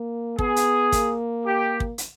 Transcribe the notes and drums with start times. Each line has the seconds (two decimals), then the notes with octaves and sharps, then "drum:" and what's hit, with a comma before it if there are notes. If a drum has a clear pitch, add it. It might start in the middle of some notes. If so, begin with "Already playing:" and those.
Already playing: A#3
0.39 B3 G#4, drum: kick
0.56 drum: hi-hat
0.92 A#3, drum: kick, hi-hat
1.45 G4
1.80 drum: kick
1.98 drum: hi-hat